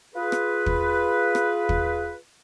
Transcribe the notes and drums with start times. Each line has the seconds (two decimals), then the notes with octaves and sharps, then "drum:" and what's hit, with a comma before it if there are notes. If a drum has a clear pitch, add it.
0.15 F4 G#4 B4
0.32 drum: rim click
0.66 drum: kick
1.35 drum: rim click
1.69 drum: kick